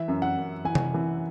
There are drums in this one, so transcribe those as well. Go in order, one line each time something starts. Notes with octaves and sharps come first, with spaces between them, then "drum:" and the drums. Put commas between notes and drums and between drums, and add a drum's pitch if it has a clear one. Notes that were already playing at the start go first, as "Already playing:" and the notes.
Already playing: E3 E5
F#2
F#5
F#2
E3 G#5
drum: tom C3
E3